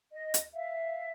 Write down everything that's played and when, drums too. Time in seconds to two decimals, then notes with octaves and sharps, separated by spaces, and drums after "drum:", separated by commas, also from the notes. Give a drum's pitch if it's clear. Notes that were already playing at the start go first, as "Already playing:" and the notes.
0.12 D#5
0.34 drum: hi-hat
0.54 E5 F5